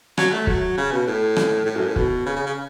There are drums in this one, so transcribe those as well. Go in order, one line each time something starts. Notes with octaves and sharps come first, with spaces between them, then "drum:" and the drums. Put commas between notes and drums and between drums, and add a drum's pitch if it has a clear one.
F#3, drum: rim click
A3
F#3, drum: kick
C#3
B2
A2
drum: rim click
A2
F#2
A2
B2, drum: kick
C#3
C#3
C#3